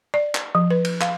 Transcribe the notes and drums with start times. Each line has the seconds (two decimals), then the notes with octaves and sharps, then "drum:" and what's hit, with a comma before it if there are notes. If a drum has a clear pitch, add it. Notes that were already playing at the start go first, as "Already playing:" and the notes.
0.14 D5
0.35 drum: clap
0.55 F3
0.71 B4
0.85 drum: cymbal
1.01 F5, drum: clap